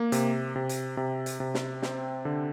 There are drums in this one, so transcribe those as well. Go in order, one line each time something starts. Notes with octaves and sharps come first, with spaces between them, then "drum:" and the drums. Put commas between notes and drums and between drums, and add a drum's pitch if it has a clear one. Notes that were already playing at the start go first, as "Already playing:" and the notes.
Already playing: A#3
C3, drum: hi-hat
C3
drum: hi-hat
C3
drum: hi-hat
C3
drum: snare
C4, drum: snare
D3